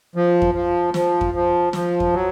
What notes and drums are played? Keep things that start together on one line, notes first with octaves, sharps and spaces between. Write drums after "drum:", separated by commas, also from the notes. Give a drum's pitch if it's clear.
F3
drum: kick F2
F3
F3, drum: snare
drum: kick F2
F3
F3, drum: snare
drum: kick F2
F#3